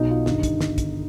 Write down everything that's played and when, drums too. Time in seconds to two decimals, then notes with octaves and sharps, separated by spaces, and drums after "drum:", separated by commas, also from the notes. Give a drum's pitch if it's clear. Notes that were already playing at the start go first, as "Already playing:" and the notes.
Already playing: B1 B2 D#4
0.09 F4
0.26 G1 G2 D#3 D#4, drum: snare
0.43 drum: kick, hi-hat
0.61 drum: snare
0.78 drum: kick, hi-hat